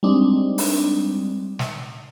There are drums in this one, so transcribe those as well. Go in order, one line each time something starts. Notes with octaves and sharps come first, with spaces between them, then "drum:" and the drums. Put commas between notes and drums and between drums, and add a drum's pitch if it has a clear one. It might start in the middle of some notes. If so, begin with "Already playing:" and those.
G3 G#3 C4 D4 D#4
drum: open hi-hat
drum: snare